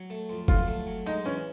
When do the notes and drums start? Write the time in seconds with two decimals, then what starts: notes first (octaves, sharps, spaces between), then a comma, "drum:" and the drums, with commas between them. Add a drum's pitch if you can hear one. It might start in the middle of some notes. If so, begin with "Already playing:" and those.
Already playing: F#3
0.10 A3
0.29 F2
0.48 F#3 F4, drum: kick F1
0.67 A3
0.87 F#3
1.06 G#3 D#4
1.25 E3 C#4